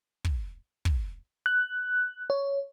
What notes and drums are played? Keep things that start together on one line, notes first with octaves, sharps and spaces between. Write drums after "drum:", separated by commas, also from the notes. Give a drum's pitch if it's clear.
drum: kick
drum: kick
F#6
C#5